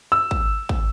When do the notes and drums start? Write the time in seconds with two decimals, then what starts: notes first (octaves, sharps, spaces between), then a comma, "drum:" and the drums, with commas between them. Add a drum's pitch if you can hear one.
0.12 E6
0.31 drum: kick
0.69 drum: kick